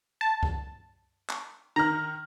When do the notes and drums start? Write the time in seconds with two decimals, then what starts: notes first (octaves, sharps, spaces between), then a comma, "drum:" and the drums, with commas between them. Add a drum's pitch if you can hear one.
0.21 A5
0.43 drum: kick C2
1.30 drum: clap
1.76 D#3 A#5 F6